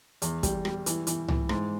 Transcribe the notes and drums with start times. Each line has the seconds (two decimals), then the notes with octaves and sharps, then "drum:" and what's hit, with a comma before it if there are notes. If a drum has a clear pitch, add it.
0.22 E2, drum: hi-hat
0.43 G3, drum: kick, hi-hat
0.65 G3, drum: rim click
0.86 E3, drum: hi-hat
1.07 E3, drum: hi-hat
1.28 E3, drum: tom C2
1.49 G#2, drum: rim click